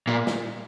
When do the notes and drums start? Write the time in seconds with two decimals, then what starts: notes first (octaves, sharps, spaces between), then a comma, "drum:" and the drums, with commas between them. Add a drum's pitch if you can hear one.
0.07 A#2
0.27 drum: snare